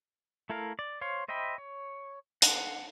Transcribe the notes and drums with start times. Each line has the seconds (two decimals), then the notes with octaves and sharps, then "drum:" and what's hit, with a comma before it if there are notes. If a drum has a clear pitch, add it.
0.50 A3 E4 A4 A#4 F5
0.79 D5
1.01 C5 C#5 F5 C6
1.28 C5 D#5 E5 G5 B5
1.58 C#5
2.42 F#5, drum: hi-hat